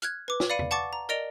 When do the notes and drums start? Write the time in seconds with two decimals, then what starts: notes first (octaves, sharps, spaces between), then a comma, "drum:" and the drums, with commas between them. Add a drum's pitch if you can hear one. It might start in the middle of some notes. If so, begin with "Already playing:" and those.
0.02 F6 F#6 G#6, drum: hi-hat
0.28 B4 D6
0.40 drum: snare
0.50 D5 F5 B5 C#7 D#7
0.59 drum: tom E2
0.71 F#5 A5 C#6 D6 A6
0.93 A#5
1.09 A#4 D5 D#5 D7 F7 G7